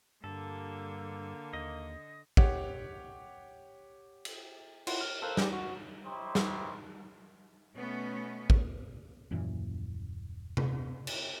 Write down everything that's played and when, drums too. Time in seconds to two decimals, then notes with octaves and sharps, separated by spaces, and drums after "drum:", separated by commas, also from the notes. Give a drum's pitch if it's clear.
0.24 G2 D3 A#3 A4
1.53 D#2 D#5
2.37 G4 C#5 F#5, drum: kick
4.25 drum: cymbal
4.87 E4 F4 F#5 C6, drum: cymbal
5.01 F6
5.22 A4 A#4 C5 F5 E6 F#6
5.37 G4 G#4 B4 D5 G5 G#5, drum: snare
5.53 F#4
6.05 D#4 E4 G4 C5 C#5 C6
6.35 drum: snare
7.74 B2 A3 B3 C#4
8.50 drum: kick
9.31 D#1 F#2 A#2 E3
10.57 drum: tom C3
11.07 drum: cymbal